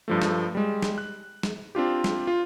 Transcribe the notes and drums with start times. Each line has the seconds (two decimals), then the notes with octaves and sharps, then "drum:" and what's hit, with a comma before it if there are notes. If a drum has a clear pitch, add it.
0.08 G2 F3 A3
0.22 drum: snare
0.55 G3 G#3
0.82 drum: snare
0.98 F#6
1.43 drum: snare
1.75 C4 D4 F4 G4
2.04 drum: snare
2.27 F4